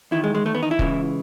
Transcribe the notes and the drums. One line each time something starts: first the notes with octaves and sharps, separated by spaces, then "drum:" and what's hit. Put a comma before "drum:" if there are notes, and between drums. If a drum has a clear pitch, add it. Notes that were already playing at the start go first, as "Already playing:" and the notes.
E2 D#3 E4
G#3
G#3
A3
B3
D#4
E4
C#2 C#3 E3, drum: kick